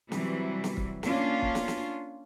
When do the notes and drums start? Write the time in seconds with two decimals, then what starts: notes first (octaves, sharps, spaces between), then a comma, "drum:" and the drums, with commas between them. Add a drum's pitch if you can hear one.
0.12 C3 E3 F#3 G3, drum: snare
0.64 drum: snare
0.77 drum: kick
1.03 A#3 C#4 D4 F4, drum: snare
1.42 drum: kick
1.55 drum: snare
1.68 drum: snare